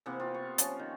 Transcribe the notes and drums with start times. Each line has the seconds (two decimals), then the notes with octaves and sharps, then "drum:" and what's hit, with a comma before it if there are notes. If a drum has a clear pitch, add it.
0.06 C3 E3 A#3 B3
0.20 F4 G4
0.34 C#6
0.58 F3 C#4, drum: hi-hat
0.79 D#3